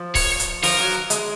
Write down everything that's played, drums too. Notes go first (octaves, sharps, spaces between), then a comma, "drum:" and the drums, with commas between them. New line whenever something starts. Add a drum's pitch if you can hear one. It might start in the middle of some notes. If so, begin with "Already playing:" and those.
Already playing: F3
C#5, drum: kick C#1, open hi-hat
drum: hi-hat
F3 A#4, drum: open hi-hat
F#3
G#3, drum: hi-hat